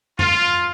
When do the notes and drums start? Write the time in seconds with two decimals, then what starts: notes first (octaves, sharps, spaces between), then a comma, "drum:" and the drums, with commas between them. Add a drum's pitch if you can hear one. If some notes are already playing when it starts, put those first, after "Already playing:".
0.19 F4, drum: tom F2